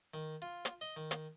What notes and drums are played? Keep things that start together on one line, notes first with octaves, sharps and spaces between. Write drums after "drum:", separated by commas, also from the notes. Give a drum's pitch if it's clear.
D#3
F4
drum: hi-hat
D#5
D#3
drum: hi-hat